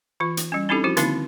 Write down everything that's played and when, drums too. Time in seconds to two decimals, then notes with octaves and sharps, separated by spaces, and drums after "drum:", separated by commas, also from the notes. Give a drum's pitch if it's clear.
0.20 E3 F4
0.37 drum: hi-hat
0.52 G3 C#4
0.69 C4 C#4 D#4 E4 G4 A4
0.84 F3 E4 F#4 G4
0.97 D3 D#3 A#3 C4 D#4 E4, drum: hi-hat